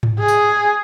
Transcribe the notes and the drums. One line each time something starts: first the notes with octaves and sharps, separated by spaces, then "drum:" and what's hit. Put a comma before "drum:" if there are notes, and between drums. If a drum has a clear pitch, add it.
drum: tom G#2
G#4
drum: tambourine